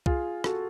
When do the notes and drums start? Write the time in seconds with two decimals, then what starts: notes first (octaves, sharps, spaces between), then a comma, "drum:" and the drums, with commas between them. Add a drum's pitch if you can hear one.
0.06 F4 G#4, drum: kick C2
0.44 F#4 A4, drum: rim click